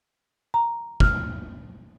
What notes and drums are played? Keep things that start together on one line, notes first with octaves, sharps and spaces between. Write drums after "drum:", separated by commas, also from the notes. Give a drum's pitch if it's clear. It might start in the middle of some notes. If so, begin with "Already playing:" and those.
A#5
F6, drum: kick